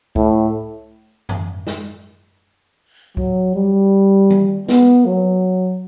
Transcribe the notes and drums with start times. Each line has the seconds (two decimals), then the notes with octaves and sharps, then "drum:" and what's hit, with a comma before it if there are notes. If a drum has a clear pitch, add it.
0.16 A2, drum: kick C2
1.29 drum: tom F#2
1.67 drum: snare
3.17 F#3, drum: kick C2
3.55 G3
4.30 drum: tom D#3
4.68 B3, drum: snare
5.06 F#3